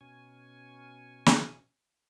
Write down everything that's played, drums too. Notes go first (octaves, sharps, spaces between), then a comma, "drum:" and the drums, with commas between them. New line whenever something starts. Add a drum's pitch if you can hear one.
B2 C#4 G#5
drum: snare